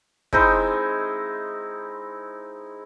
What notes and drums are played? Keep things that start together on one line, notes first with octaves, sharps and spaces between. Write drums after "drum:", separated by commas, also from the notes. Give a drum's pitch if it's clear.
G#3 C4 D#4 E4, drum: kick